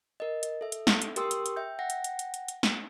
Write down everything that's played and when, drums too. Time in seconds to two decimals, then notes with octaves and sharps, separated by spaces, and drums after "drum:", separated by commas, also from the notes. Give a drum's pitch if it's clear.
0.20 A#4 D#5
0.43 drum: hi-hat
0.61 A4 E5
0.72 drum: hi-hat
0.87 drum: snare
1.02 drum: hi-hat
1.16 G4 A#4 G5 C6 D#6 E6, drum: hi-hat
1.31 drum: hi-hat
1.46 drum: hi-hat
1.56 E5 G5 G6
1.79 F#5 G5 A#6
1.90 drum: hi-hat
2.04 drum: hi-hat
2.19 drum: hi-hat
2.34 drum: hi-hat
2.48 drum: hi-hat
2.63 drum: snare